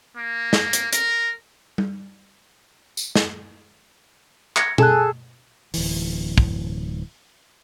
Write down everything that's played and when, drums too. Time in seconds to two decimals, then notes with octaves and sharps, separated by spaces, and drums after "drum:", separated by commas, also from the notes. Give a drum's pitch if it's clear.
0.17 A#3
0.53 drum: snare
0.73 drum: hi-hat
0.93 A#4, drum: hi-hat
1.78 drum: tom G3
2.97 drum: tambourine
3.16 drum: snare
4.56 G#6 A#6 C#7, drum: clap
4.78 G#4 A4 G#5 A5 F#6, drum: tom B2
5.74 D1 E3, drum: open hi-hat
6.38 drum: kick